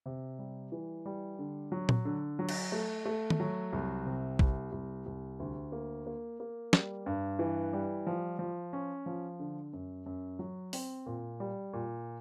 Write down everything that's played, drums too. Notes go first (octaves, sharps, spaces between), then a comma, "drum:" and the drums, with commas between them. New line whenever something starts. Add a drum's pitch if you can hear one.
C3
G3
E3
G3
D3
F#3
drum: tom A#2
D3
F#3
drum: cymbal
A3
A3
drum: tom D#3
F#3
C2
C3
C2, drum: kick A#1
C2
C2
D2
A#3
A#3
A#3
G3, drum: snare
G2
E3
G3
F3
F3
C#4
F3
D3
F#2
F#2
F#3
C4, drum: open hi-hat
A#2
G3
A#2